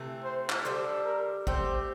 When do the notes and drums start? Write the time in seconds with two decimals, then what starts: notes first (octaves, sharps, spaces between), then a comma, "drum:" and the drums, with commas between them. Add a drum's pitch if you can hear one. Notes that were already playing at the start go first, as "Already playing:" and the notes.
Already playing: C3 E3 A3
0.24 C5
0.50 drum: clap
0.64 G3 D4 A4 C5
1.05 A#4
1.47 A3 C4 G4 C5, drum: kick